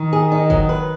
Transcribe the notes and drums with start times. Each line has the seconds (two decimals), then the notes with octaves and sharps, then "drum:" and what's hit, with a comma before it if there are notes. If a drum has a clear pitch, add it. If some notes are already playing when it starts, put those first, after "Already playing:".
Already playing: D#3
0.13 G#4
0.32 D#4
0.50 F#3, drum: kick F#1
0.69 B4